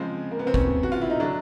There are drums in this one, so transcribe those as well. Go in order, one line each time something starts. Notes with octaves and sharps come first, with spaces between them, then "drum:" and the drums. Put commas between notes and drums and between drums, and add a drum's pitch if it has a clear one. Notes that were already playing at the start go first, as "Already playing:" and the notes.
Already playing: C#3 F3 G#3 C4
A#3
B3
C4
C#4, drum: kick G1
F#4
F4
E4
D#4
D3 F#3 D4